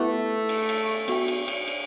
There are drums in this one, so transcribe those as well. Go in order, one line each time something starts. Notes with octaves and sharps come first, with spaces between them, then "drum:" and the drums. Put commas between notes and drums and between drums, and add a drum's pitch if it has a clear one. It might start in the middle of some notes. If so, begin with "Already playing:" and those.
Already playing: A3 B3 E4 G4 B4 F#5
drum: cymbal
drum: cymbal
B3 F#4 A4 E5 G5, drum: cymbal
drum: cymbal
drum: cymbal
drum: cymbal